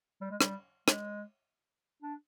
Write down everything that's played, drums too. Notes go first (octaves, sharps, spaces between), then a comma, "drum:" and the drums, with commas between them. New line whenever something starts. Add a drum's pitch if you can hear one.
G3
G#3
G3, drum: rim click
G#3, drum: rim click
D4